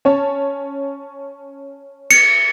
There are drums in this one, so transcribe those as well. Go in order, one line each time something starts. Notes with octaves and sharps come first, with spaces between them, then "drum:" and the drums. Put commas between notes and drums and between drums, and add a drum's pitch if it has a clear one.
C#4 C#5 A5
C#7, drum: cymbal